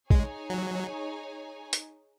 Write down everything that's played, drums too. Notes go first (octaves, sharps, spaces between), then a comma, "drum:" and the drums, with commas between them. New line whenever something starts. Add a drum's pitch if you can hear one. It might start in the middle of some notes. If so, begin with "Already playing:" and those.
G#3 D#4 G#4 C#5 G#5, drum: kick
F#3
drum: hi-hat